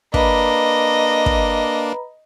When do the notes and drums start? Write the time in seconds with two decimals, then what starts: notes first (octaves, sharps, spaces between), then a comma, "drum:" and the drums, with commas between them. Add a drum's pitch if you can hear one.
0.14 A#3 D4 B4 D#5 A#5 B5, drum: kick
1.26 drum: kick